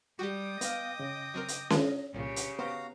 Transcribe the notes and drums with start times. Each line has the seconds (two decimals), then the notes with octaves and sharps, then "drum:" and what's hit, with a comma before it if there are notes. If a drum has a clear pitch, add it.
0.19 G3 F#4 G4 G5 D6 D#6
0.61 B3 D#5 F5, drum: hi-hat
1.00 C#3
1.34 F#3 C4 A#4
1.48 drum: hi-hat
1.70 drum: snare C#4
2.14 C2 A#2 C#3 G4
2.36 drum: hi-hat
2.59 B3 F#4 C5 F5 A#5